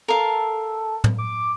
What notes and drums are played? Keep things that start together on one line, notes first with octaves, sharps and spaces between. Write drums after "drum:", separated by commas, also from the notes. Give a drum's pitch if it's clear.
A4 A#4 F5
drum: tom
D6